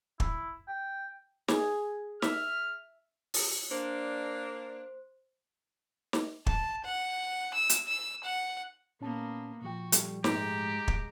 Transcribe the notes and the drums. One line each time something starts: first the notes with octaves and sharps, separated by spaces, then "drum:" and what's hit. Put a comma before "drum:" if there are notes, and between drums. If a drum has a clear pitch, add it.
E4, drum: kick
G5
G#4, drum: snare
E5 F6, drum: snare
drum: open hi-hat
A#3 D4 C5
drum: snare
A5, drum: kick
F#5
E6
drum: hi-hat
E6
F#5
A#2 A#3 B3 C#4 A5
A#2 F3 F#4 G5
G3 A4, drum: hi-hat
G#2 G#3 A3 G4 A#5 C6, drum: snare
drum: kick